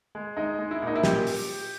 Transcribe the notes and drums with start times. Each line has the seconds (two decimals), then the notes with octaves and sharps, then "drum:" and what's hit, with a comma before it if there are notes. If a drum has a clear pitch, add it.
0.15 G#3
0.36 G#3 D#4
0.59 G#3
0.71 E4
0.82 A#2 D#4
0.96 E4
1.04 A#2 G4, drum: snare
1.27 drum: open hi-hat